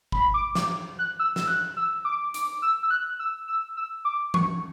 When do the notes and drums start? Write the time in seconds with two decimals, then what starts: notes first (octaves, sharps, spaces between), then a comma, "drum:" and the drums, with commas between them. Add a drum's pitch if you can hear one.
0.12 B5, drum: kick
0.34 D6
0.55 D6, drum: snare
0.99 F#6
1.19 E6
1.36 E6, drum: snare
1.48 F#6
1.77 E6
2.05 D6
2.34 D6, drum: hi-hat
2.62 E6
2.83 E6
2.91 F#6
3.19 E6
3.48 E6
3.77 E6
4.05 D6
4.34 C#6, drum: tom E3